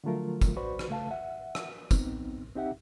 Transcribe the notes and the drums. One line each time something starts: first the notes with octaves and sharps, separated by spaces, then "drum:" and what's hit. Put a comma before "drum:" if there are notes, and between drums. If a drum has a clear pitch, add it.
D3 F3 F#3 A3 F4 A#4
drum: kick, tambourine
F#4 B4 C5 D5 B5 C#6
drum: rim click
C#3 A3 F5 A5
E5 F#5
drum: rim click
B3 C4 D#4, drum: kick, tambourine
C4 D#4 G4 E5 F#5